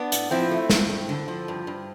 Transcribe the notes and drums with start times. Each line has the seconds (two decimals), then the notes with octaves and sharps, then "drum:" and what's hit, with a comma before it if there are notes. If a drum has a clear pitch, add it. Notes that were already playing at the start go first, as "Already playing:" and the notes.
Already playing: B3 D4
0.12 A2, drum: hi-hat
0.31 F3 C4 E4
0.51 A3
0.70 G2, drum: snare
0.90 G2
1.09 D3
1.28 F3
1.48 G2
1.67 G2